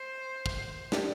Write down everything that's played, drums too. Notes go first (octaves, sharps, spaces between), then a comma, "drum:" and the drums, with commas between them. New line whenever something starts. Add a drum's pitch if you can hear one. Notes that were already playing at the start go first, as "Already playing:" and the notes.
Already playing: C5
drum: kick
D4 G4, drum: snare